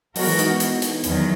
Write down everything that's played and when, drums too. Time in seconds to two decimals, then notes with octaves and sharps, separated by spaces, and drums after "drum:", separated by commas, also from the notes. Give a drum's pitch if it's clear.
0.16 F#3 G#3 B3 F#4 A#4, drum: open hi-hat
0.27 E3
0.39 D#4, drum: hi-hat
0.49 B3
0.60 drum: hi-hat
0.82 drum: hi-hat
1.04 E2 D#3 F#3, drum: hi-hat